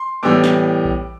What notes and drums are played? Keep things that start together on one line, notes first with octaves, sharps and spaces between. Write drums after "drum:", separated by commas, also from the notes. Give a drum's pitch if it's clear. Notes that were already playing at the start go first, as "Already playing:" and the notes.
Already playing: C6
A2 E3 G3 B3 D6 E6
drum: snare
drum: kick A#1